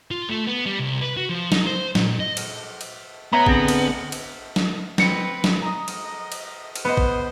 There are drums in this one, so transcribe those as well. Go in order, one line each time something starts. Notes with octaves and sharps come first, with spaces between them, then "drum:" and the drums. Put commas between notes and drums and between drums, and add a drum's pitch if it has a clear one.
F4
A3
B3
G3
C2
B4
F#4
F3
D#4, drum: snare
C5
A#2, drum: snare
D#5
drum: cymbal
drum: cymbal
B3 C#5 E5 A#5
D3 C4 G#4, drum: kick G#1
drum: cymbal
drum: cymbal
drum: snare
C4 B4 A#6 C#7, drum: snare
drum: snare
D#5 A#5 D#6
drum: cymbal
drum: cymbal
drum: cymbal
B3 B4 C5 D#5 D#6
drum: kick G#1